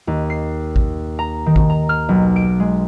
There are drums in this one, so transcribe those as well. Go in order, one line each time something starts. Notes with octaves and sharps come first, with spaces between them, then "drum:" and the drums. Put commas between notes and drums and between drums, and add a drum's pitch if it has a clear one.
D#2
C7
drum: kick A1
A#5
D#3
drum: kick A1
A#5
F6
B1
D7
G#3